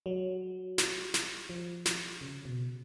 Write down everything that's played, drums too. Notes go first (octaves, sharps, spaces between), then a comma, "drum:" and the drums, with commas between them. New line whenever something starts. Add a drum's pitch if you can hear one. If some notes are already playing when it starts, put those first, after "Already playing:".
F#3
drum: snare
drum: snare
F3
drum: snare
C#3
B2